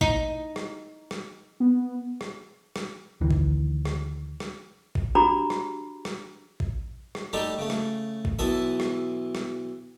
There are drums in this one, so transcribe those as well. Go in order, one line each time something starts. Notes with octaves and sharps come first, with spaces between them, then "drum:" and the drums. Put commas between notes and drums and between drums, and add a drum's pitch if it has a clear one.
D#4, drum: kick A1
drum: rim click
drum: rim click
B3
drum: rim click
drum: rim click
D2 D#3 E3
drum: kick A1
drum: rim click
drum: rim click
drum: kick A1
D4 F#4 G4 A#5 B5 D6
drum: rim click
drum: rim click
drum: kick A1
drum: rim click
G3 A3 D#4 G4 A4
C#3 A3
drum: rim click
drum: kick A1
B1 E3 A4 E5 D#6
drum: rim click
drum: rim click